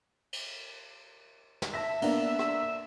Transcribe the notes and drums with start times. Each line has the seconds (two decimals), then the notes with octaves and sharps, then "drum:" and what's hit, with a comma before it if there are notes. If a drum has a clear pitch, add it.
0.33 drum: cymbal
1.62 drum: snare
1.74 E5 A5 A#6 B6
2.02 A#3 B3 D4, drum: cymbal
2.39 drum: rim click